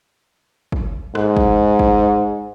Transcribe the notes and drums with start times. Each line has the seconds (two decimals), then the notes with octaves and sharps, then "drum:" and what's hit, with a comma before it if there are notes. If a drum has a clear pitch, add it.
0.72 drum: kick
1.15 G#2, drum: rim click
1.37 drum: kick
1.79 drum: kick